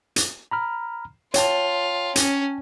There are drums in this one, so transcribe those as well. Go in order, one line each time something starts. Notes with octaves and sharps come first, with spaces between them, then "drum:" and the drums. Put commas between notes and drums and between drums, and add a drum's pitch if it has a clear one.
drum: hi-hat
A#5 B5 F6
F4 C#5 G5 A5, drum: hi-hat
C#4, drum: hi-hat